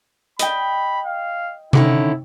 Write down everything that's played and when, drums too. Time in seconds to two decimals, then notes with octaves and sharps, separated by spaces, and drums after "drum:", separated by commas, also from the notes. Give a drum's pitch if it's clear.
0.39 D#5 G5 B5, drum: hi-hat
1.06 F5
1.73 D3 D#3 C#4 E4, drum: tom C3